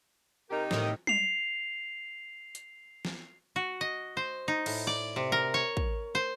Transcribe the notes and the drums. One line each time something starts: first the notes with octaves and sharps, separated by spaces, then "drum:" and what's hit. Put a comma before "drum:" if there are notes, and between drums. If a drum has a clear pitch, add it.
C3 D#4 G4 A#4
A2 D#3 D#5, drum: snare
C7 F7, drum: tom F#3
drum: hi-hat
drum: snare
F#4
D#5
C5
D#4
A2, drum: cymbal
D5
C3
A#4
C#5
drum: kick
C5